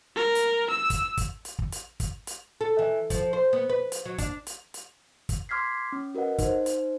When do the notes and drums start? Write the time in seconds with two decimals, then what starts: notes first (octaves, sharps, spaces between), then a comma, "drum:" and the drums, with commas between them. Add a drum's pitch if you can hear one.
0.16 A#4
0.35 drum: hi-hat
0.70 E6
0.90 drum: kick, hi-hat
1.17 drum: kick, hi-hat
1.45 drum: hi-hat
1.59 drum: kick
1.72 drum: hi-hat
2.00 drum: kick, hi-hat
2.27 drum: hi-hat
2.61 A4
2.79 E3
3.10 F3, drum: kick, hi-hat
3.33 C5
3.53 B3
3.69 B4
3.92 drum: hi-hat
4.05 F#3
4.18 D4, drum: kick, hi-hat
4.47 drum: hi-hat
4.74 drum: hi-hat
5.29 drum: kick, hi-hat
5.49 C6 D6 F6 G#6 B6 C7
5.92 C#4
6.15 F#4 A#4 B4 D#5 F#5
6.38 D#4 C5, drum: kick, hi-hat
6.66 drum: hi-hat